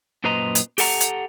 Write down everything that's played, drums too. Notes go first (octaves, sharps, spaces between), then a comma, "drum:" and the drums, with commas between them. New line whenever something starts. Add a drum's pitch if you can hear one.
F#2 A#2 B4 C5 D#5 A#5
drum: hi-hat
G4 A4 F#5 A#5, drum: open hi-hat
drum: hi-hat